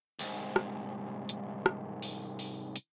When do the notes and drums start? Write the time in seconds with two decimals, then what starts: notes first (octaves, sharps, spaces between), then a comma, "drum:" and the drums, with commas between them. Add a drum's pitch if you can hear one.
0.19 C2 G#2, drum: open hi-hat
0.56 drum: rim click
1.29 drum: hi-hat
1.66 drum: rim click
2.02 drum: open hi-hat
2.39 drum: open hi-hat
2.76 drum: hi-hat